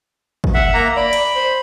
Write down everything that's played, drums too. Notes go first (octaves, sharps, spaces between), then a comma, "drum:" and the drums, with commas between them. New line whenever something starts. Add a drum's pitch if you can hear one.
drum: kick
E5 F#5
A#3 A#5
D5 B5
drum: cymbal
C5